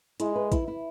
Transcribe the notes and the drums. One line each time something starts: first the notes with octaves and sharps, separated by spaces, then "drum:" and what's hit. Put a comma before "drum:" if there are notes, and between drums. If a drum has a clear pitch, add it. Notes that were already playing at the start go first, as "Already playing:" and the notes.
G#3 E4, drum: hi-hat
B4
E4, drum: kick, hi-hat
E4